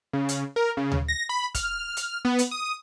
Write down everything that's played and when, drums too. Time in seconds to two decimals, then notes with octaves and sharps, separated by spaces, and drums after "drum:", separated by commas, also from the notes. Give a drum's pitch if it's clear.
0.13 C#3
0.29 drum: hi-hat
0.56 A#4
0.77 C#3
0.92 drum: tom D2
1.08 A#6
1.29 B5
1.55 F6, drum: kick, hi-hat
1.97 drum: hi-hat
2.25 B3
2.39 drum: hi-hat
2.51 D#6